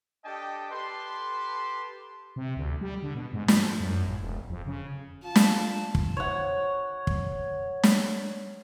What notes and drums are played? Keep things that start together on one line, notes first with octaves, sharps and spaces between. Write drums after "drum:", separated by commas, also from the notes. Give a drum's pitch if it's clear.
D4 G4 A4 D#5 G5 A5
G4 A4 B4 A5 C6
C3
D2
G3
D3
B2
G#2
F3, drum: snare
F#2
A1
E1
F2
C#3
F4 A5
drum: snare
drum: kick
C#5 F#5
drum: kick
drum: snare